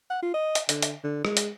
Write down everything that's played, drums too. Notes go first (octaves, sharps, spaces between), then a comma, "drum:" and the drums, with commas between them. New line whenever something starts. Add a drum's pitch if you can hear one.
F#5
F4
D#5
drum: hi-hat
D3, drum: hi-hat
drum: hi-hat
D3
G#3, drum: rim click
drum: hi-hat